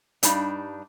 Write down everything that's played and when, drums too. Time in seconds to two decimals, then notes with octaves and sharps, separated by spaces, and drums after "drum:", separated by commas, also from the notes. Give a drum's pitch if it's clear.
0.23 G2 A#2 G3 D4 D#4, drum: hi-hat